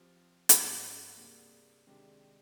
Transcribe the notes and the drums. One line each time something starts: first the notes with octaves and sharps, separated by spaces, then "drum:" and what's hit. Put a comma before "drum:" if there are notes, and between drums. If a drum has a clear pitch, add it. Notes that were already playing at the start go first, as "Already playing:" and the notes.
Already playing: F3 C4 G4
G2 F3 A#3 D#4 G4, drum: hi-hat
C3 G3 A#3 D4 G#4
C3 D#3 G#3 D4 G4